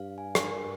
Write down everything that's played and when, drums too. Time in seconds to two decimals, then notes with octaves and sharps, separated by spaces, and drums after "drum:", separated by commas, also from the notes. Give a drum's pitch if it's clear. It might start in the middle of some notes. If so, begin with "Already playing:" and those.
Already playing: G2 F5
0.18 G#5
0.35 drum: rim click
0.44 A#4